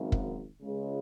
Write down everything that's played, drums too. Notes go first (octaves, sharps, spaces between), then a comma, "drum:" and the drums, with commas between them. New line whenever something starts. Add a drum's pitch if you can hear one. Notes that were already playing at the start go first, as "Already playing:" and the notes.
Already playing: G#1 F#2 C#3
drum: kick
C#2 C#3 G#3